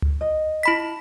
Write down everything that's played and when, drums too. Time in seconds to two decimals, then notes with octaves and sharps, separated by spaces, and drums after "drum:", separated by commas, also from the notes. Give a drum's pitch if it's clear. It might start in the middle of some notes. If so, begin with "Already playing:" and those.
0.02 drum: tom C#2
0.21 D#5
0.63 E4 B5 B6